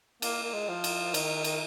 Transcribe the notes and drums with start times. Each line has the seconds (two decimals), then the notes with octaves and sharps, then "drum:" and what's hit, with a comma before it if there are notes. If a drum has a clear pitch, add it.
0.22 A#3, drum: cymbal
0.43 A#3
0.54 G#3
0.68 F3
0.84 drum: cymbal
1.14 D#3, drum: cymbal
1.44 D#3, drum: cymbal